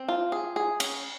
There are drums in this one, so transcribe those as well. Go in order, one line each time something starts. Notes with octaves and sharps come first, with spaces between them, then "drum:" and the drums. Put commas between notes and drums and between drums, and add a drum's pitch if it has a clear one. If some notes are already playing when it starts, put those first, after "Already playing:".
Already playing: C4
F4
G#4
G#4
C#4, drum: cymbal